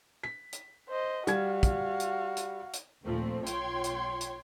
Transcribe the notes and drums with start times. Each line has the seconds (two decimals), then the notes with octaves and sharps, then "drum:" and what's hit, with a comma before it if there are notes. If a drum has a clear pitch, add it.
0.23 B6
0.53 drum: hi-hat
0.89 C5 D#5
1.27 G3 F#4 F5 G#6, drum: hi-hat
1.63 drum: kick, hi-hat
2.00 drum: hi-hat
2.37 drum: hi-hat
2.73 drum: hi-hat
3.05 D#2 A#2 F3 A3 C4
3.46 B1 F4 C#5 G5 C6 G#6, drum: hi-hat
3.84 drum: hi-hat
4.21 drum: hi-hat